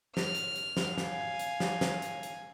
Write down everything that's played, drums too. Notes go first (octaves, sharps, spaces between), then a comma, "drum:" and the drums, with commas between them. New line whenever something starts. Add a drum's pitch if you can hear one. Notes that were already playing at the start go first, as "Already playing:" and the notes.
F6, drum: snare
drum: hi-hat
drum: hi-hat
drum: snare
F5 G#5, drum: snare
drum: hi-hat
drum: snare
drum: snare
drum: hi-hat
drum: hi-hat